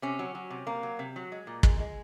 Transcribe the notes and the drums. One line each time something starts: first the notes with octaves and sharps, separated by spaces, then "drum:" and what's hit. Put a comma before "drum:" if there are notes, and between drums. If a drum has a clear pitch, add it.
C3 C#4
F#3
F#3
C3
C3 A#3
F#3
C3
F#3
G#3
A#2
G#3, drum: kick
G#3